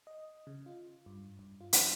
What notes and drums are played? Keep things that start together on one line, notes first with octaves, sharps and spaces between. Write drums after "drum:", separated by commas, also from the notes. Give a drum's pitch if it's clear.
D#5
C#3
F4
G2
G2
F4
drum: hi-hat